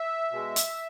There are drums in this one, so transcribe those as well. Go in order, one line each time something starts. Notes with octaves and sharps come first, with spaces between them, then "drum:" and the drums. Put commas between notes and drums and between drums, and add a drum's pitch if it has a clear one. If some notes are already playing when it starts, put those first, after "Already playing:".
Already playing: E5
B2 G#3
drum: hi-hat